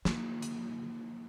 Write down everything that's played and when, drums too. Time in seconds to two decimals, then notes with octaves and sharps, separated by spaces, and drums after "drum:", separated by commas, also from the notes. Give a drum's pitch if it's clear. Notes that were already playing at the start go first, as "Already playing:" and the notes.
0.05 A#3, drum: snare
0.42 drum: hi-hat